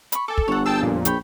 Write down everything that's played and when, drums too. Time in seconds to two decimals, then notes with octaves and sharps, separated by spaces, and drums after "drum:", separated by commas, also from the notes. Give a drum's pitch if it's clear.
0.12 B5 C#6, drum: hi-hat
0.28 A4 G#5 D6
0.38 drum: kick
0.48 G1 C#5 F#5
0.66 G#4 G5 A5 E6
0.81 F2 A#2
1.05 A#1 C#5 G5 B5, drum: hi-hat